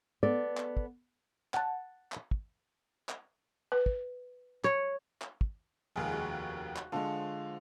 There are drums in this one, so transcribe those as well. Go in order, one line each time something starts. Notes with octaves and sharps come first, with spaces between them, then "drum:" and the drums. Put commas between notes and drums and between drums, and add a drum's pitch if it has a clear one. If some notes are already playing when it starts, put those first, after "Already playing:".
B3 A4 D5
drum: clap
drum: kick
F#5 A5, drum: clap
drum: clap
drum: kick
drum: clap
B4
drum: kick
C#5, drum: clap
drum: clap
drum: kick
F1 D#2 G#3 F5 F#5
F#4
drum: clap
D3 F3 G#3 C5 C#6